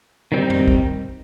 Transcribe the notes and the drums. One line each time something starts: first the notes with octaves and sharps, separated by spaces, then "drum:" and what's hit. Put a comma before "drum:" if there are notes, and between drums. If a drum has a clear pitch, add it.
D#3 G3 C4 D#4
drum: tom F2
drum: kick